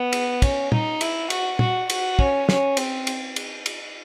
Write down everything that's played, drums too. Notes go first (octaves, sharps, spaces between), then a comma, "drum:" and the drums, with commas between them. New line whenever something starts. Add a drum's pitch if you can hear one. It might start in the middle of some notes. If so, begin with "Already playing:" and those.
Already playing: B3
drum: cymbal
C#4, drum: kick, cymbal
D#4, drum: tom
E4, drum: cymbal
F#4, drum: cymbal
F#4, drum: tom
F#4, drum: cymbal
C#4, drum: kick
C#4, drum: snare
C4, drum: cymbal
drum: cymbal
drum: cymbal
drum: cymbal